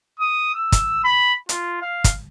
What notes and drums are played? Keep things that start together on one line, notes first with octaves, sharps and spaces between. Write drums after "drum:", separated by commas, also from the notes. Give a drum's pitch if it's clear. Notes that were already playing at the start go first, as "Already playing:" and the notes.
D#6
E6
drum: kick, hi-hat
B5
F4, drum: hi-hat
F5
drum: kick, hi-hat